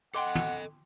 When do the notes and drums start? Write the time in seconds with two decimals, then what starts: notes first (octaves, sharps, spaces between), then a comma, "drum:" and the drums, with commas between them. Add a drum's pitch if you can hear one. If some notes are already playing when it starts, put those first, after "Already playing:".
0.14 A4 D#5 F#5 G5 C6 D6
0.35 drum: tom